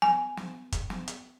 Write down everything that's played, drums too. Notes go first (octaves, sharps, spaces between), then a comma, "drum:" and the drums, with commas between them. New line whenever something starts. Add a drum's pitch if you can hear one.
G#5, drum: snare
drum: snare
drum: kick, hi-hat
drum: snare
drum: hi-hat